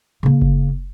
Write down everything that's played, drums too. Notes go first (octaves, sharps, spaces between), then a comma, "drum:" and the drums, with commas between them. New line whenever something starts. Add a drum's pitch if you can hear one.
C#3 A#3
drum: kick F#1